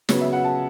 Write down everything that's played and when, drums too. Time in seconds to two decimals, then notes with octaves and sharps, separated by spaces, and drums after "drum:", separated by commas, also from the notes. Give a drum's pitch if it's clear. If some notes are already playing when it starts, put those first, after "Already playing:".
0.09 C#3 F#3 B3, drum: snare
0.21 E5
0.33 F#5
0.44 A5